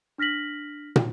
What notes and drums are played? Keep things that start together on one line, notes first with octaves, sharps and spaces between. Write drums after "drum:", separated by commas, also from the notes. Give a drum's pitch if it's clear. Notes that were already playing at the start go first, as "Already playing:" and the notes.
D4 F6 A#6 B6 F#7
drum: tom